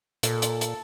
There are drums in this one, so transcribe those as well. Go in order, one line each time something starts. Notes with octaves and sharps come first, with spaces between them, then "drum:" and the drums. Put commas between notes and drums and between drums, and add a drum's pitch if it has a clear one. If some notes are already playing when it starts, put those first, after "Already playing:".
A#2 A4, drum: hi-hat
drum: hi-hat
drum: hi-hat